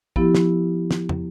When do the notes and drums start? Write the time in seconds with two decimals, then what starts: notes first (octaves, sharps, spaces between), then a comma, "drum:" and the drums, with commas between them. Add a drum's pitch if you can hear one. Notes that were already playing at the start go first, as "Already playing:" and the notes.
0.16 F3 B3 E4 G4, drum: kick
0.35 drum: snare
0.91 drum: snare
1.09 drum: tom